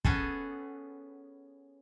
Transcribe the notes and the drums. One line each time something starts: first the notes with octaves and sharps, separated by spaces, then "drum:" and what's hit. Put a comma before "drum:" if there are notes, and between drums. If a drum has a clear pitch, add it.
B3 C#4 G#4 A4, drum: kick